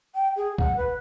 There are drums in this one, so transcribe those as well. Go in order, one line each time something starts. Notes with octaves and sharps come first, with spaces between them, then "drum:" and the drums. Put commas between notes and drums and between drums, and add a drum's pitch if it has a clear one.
G5
G#4
F#5, drum: kick
B4